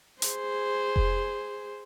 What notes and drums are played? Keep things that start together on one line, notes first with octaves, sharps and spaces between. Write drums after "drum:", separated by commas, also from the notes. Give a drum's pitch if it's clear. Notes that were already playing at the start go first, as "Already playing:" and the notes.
G#4 C5, drum: hi-hat
drum: kick F1